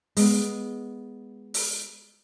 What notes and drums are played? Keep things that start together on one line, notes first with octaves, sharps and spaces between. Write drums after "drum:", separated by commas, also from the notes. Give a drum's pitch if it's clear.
G#3 B3, drum: open hi-hat
drum: open hi-hat